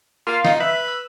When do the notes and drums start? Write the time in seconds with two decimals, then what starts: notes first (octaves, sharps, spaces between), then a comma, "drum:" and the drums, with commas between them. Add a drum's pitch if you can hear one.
0.27 A#3 F4 F5
0.45 D#4, drum: snare
0.60 B4 E5
0.88 E6